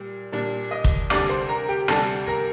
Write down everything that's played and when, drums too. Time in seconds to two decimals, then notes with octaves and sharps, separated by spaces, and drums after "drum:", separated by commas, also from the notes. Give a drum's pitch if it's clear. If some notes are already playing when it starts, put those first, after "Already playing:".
Already playing: A#2 G3
0.32 A#2 G3 D4
0.71 D#5 D#6
0.84 drum: kick
1.10 D2 C3 G3 D4 D5 D6, drum: rim click
1.29 C5 C6
1.49 A#4 A#5
1.69 G4 G5
1.88 D2 C3 G3 D4 A4 A5, drum: rim click
2.27 A#4 A#5